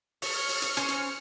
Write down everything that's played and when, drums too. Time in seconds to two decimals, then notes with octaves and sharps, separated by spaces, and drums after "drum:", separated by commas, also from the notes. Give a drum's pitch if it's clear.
0.22 C#5 F6 C#7, drum: open hi-hat
0.49 drum: open hi-hat
0.62 drum: hi-hat
0.77 C#4 C5, drum: hi-hat
0.88 drum: hi-hat